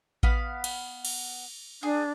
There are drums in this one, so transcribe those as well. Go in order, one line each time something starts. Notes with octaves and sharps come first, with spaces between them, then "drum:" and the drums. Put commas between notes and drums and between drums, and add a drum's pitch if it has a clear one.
B3 F5 B5, drum: kick A1
drum: cymbal
drum: cymbal
D4 G#4